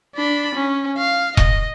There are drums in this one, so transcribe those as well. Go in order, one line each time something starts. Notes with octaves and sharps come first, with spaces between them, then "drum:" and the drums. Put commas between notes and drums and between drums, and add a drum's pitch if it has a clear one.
D4 B5
C#4
F5
D#5, drum: kick E1